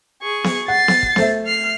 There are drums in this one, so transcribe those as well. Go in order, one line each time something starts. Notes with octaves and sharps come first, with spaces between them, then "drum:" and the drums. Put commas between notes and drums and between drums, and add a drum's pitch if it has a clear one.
G#4 C#6
drum: snare B3
F#5 A6 C7
drum: snare B3
drum: kick
A3 C5 E5, drum: snare B3
F6 C7